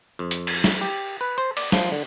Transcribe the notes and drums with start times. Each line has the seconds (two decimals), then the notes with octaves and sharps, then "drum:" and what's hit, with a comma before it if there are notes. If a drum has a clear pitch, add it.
0.19 F2
0.31 drum: hi-hat
0.47 drum: cymbal
0.64 drum: snare
0.81 G4
1.21 B4
1.38 C5
1.57 D5, drum: cymbal
1.72 F3, drum: snare
1.92 D3